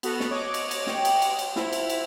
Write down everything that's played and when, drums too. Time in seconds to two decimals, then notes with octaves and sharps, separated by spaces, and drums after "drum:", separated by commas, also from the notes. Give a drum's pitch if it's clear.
0.03 B3 F#4 A4, drum: cymbal
0.20 drum: snare
0.31 C#5 D#5 D6
0.54 drum: cymbal
0.71 drum: cymbal
0.87 G4 G5, drum: snare
1.05 drum: cymbal
1.22 drum: cymbal
1.39 drum: cymbal
1.56 F3 E4 F5, drum: snare
1.73 drum: cymbal
1.89 drum: cymbal